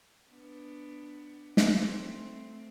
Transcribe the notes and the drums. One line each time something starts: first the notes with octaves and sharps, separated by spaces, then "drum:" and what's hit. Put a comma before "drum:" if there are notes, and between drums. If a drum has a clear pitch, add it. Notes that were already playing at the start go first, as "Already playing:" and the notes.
B3 D4
A3 C4, drum: snare